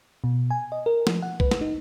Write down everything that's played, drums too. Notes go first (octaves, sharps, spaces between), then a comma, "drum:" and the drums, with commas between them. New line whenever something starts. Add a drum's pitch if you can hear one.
B2
G#5
D#5
A#4
F3, drum: snare
F#5
B4, drum: kick B1
drum: snare
D#4